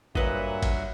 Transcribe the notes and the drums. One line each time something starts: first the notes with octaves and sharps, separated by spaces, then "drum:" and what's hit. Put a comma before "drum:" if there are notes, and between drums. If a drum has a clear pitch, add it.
G2 A#2 F#3 B4 D#5 E5 F#5, drum: kick G#1
drum: kick G#1, cymbal